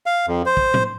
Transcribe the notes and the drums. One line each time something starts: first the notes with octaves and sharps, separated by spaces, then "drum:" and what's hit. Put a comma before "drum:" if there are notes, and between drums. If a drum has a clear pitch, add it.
F5
F2
C5
drum: kick
drum: tom A2